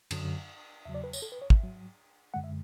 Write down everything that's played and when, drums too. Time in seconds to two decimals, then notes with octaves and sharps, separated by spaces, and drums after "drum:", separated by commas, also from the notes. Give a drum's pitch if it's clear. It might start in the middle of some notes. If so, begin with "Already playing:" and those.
0.11 F#2 D3 F#3, drum: cymbal
0.85 E2 C#3 F#3 E5
0.94 D5
1.04 B4
1.13 C#5, drum: tambourine
1.22 A4
1.32 B4
1.42 C#5
1.50 E5, drum: kick
1.60 G#2 F#3
2.34 F#2 D3 G#3 F#5
2.44 E5